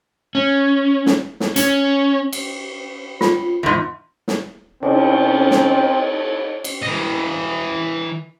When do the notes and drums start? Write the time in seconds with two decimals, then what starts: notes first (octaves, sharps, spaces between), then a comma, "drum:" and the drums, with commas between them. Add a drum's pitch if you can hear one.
0.35 C#4
1.06 drum: snare
1.40 drum: snare
1.56 C#4, drum: hi-hat
2.33 drum: cymbal
3.21 F4, drum: snare
3.63 E2 G#2
4.28 drum: snare
4.83 C3 C4 C#4, drum: cymbal
5.51 drum: snare
6.64 drum: cymbal
6.82 E3 D#5